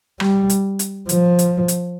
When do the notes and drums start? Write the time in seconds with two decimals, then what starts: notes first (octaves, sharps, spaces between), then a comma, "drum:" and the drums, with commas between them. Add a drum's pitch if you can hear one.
0.20 G3, drum: rim click
0.50 drum: hi-hat
0.79 drum: hi-hat
1.09 F3, drum: hi-hat
1.39 drum: hi-hat
1.68 drum: hi-hat